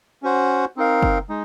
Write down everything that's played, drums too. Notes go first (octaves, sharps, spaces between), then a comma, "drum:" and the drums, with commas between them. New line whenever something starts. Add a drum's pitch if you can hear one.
C#4 F#4 C5 F#5
C4 D#4 A#4 F5
drum: kick F#1
G#3 D#4